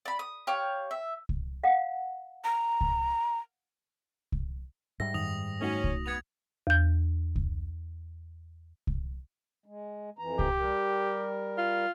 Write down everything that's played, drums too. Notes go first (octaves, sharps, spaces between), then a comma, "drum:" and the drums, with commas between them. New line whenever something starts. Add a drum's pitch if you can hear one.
D5 B5
D#6
G4 C#5 F5
E5
drum: kick C2
F5 F#5
A#5
drum: kick C2
drum: kick C2
G#2 G3 E5 A#6
F#2 D#3 D#6 F7
A3 C#4 D#4 F#4
drum: kick C2
B3 G#6 A6 F7
E2 G6
drum: kick C2
drum: kick C2
G#3
F2 E3 A#5
G4, drum: kick C2
G3 A#4
F4